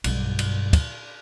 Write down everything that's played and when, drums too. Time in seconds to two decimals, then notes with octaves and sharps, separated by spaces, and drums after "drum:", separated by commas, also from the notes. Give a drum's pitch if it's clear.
0.04 B1 G2, drum: cymbal
0.39 drum: cymbal
0.73 drum: kick, cymbal